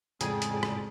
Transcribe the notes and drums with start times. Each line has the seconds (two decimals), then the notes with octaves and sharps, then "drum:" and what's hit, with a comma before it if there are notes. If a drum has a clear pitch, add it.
0.21 F2 A2 C#3 G#3 G#4 D5 G5 G#5, drum: hi-hat
0.42 drum: hi-hat
0.63 drum: rim click